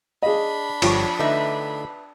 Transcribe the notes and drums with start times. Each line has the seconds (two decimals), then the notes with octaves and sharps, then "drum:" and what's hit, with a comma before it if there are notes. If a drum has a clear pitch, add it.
0.22 D4 G#4 D#5 F5 B5
0.82 G1 G2 F3 G4 C#5, drum: cymbal
1.19 D3 A3 D#4 B4 E5